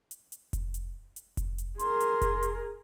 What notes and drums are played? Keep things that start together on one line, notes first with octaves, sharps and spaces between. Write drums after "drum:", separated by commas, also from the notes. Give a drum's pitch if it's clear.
drum: hi-hat
drum: hi-hat
drum: kick F1, hi-hat
drum: hi-hat
drum: hi-hat
drum: kick F1, hi-hat
drum: hi-hat
G#4 A#4 C6, drum: hi-hat
drum: hi-hat
drum: kick F1, hi-hat
drum: hi-hat